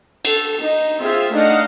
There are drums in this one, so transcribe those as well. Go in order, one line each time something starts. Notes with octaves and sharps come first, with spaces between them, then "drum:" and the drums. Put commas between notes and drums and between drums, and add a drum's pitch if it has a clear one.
A4, drum: cymbal
D#4
C4 F4 G#4 E5 F5
A3 D4 D#4 D#5 F5 F#5